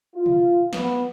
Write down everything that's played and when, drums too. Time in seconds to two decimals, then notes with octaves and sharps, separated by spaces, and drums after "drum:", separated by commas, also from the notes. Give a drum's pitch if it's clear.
0.16 F4
0.26 drum: tom B2
0.73 B3, drum: snare